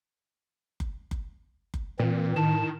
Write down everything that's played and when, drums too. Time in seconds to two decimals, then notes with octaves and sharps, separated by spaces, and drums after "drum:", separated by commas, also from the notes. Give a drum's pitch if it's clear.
0.80 drum: kick F#1
1.11 drum: kick F#1
1.74 drum: kick F#1
1.99 A#2 E3 C4
2.36 A2 D#3 A5